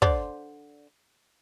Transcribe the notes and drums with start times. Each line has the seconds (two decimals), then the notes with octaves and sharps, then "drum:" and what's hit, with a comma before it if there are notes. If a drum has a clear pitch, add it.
0.02 D3 C5 D5, drum: kick